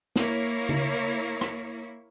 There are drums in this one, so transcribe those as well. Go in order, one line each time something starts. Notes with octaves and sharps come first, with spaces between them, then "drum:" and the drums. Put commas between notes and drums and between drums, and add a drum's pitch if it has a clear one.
A#3 E4 C#5, drum: snare
drum: tom
drum: rim click